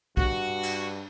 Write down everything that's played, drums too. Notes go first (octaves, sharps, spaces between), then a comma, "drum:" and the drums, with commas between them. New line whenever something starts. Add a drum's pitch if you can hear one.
G2 F#4, drum: kick
drum: cymbal